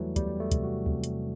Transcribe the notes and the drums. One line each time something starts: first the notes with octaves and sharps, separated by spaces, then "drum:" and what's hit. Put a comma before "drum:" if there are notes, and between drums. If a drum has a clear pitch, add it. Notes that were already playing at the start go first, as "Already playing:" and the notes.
Already playing: E2 E3 F#3 G3 A3
E2 G3, drum: kick, hi-hat
A3
C3, drum: kick, hi-hat
F#4
C3, drum: kick
drum: hi-hat